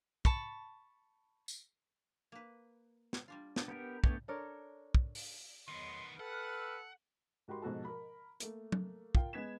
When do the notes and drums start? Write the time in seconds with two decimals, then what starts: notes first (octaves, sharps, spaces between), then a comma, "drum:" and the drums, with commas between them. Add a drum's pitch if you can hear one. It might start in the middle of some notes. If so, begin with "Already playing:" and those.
0.25 A5 B5 C#6, drum: kick
1.48 drum: tambourine
2.32 A#3 B4
3.13 drum: snare
3.28 G3 D4 F4
3.56 D4, drum: snare
3.68 B3 G4 A#4
4.04 A3 B3 D4 C#5 G5 A5, drum: kick
4.28 D4 A4 A#4 C#5
4.95 drum: kick
5.15 drum: open hi-hat
5.68 E2 D#3 F#3 B3 D#5 C6
6.20 A4 B4 F#5 G5 E6 F6
7.48 G#2 F#4 G4 A#4 B5 C6
7.62 G#2 B2 F3 F#4 A4 A5
7.85 A#4 B5
8.40 A3 A#3, drum: hi-hat
8.72 drum: tom F#3
9.15 F4 A#4 G5, drum: kick
9.33 G#3 B3 G#6 B6 E7